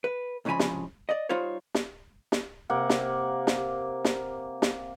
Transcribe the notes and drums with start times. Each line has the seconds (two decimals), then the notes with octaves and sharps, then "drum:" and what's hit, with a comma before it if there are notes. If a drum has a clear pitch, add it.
0.04 B4
0.45 C2 G#2 C#3 F3 G#5 B5
0.59 drum: snare
1.09 D5 D#5
1.29 G3 D#4 F4 C5 C#5
1.75 drum: snare
2.32 drum: snare
2.70 C3 A#3 F#5
2.90 drum: snare
3.47 drum: snare
4.05 drum: snare
4.62 drum: snare